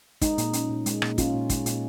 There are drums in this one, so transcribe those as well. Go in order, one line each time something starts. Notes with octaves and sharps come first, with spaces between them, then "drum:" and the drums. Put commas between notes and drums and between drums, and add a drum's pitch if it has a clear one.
G#3 D#4, drum: kick, hi-hat
A#2, drum: hi-hat
C#4, drum: hi-hat
A#2
G#3, drum: hi-hat
A#2, drum: rim click
C#4 F4, drum: kick, hi-hat
A#2
G#3, drum: kick, hi-hat
A#2, drum: hi-hat